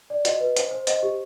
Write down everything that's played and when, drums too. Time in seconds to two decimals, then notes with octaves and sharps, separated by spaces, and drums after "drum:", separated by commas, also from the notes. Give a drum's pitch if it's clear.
0.10 D5
0.25 F#4 D#5, drum: hi-hat
0.40 B4
0.57 C5, drum: hi-hat
0.71 C5
0.87 C5 D#5, drum: hi-hat
1.03 G4